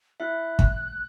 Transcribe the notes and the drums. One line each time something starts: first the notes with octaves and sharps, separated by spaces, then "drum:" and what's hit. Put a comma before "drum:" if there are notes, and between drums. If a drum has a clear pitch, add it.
E4 E5 F#6
drum: kick